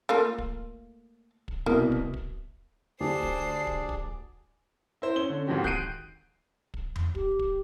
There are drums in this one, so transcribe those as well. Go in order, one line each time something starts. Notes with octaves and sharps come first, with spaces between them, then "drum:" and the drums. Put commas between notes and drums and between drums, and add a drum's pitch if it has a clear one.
A3 A#3 F4
drum: kick
drum: kick
C2 B2 A#3 D#6
drum: kick
drum: kick
D2 D4 G4 G#4 C5 D5 C7
drum: kick
drum: kick
drum: kick
E4 C5
C#4 G7
D3 C#4
G#2 D#3 F3 C4 F#4 G4
F#6 G6 C7 D7 D#7, drum: kick
drum: kick
drum: tom E2
G4, drum: kick
drum: kick